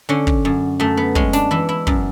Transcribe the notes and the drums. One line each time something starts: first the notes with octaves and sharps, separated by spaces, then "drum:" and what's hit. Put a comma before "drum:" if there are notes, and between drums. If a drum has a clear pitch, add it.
D3 C#4
drum: kick
F#2
F#2 A3
B3
G#3 C#4, drum: kick
D4, drum: snare
E3 E4
E4
F#2, drum: kick